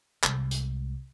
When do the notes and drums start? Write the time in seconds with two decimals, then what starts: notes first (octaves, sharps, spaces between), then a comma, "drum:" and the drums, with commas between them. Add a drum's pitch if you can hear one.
0.23 C2 G#3, drum: clap
0.51 drum: hi-hat